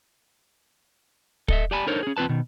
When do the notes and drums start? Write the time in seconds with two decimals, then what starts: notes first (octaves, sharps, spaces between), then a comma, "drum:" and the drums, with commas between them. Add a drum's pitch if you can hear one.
1.48 A4 D#5 E5, drum: kick
1.71 G4 D5 G#5 A5 B5
1.87 D4 D#4 A4 A#4 C5 C#5
2.03 C#4 G#4
2.17 E2 C4 F4 B4 A5
2.29 B2 D#3